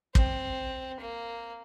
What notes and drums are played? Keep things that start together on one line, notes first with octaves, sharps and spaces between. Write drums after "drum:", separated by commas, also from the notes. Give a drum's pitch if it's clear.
C4, drum: kick
A#3